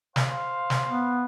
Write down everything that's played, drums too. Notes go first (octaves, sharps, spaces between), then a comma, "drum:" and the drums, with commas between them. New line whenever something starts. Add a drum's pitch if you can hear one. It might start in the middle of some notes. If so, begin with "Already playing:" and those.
C5 F5, drum: snare
drum: snare
B3